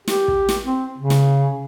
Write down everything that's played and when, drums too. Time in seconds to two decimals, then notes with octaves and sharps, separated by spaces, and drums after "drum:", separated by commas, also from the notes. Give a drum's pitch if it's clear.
0.08 G4, drum: snare
0.28 drum: kick
0.49 drum: snare
0.66 C4
0.98 C#3
1.10 drum: snare